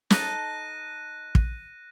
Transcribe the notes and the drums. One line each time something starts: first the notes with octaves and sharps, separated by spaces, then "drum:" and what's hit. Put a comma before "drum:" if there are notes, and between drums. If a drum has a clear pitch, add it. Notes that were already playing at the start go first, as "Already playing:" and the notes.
D#4 A4 A5 F#6 A#6 D#7, drum: snare
drum: kick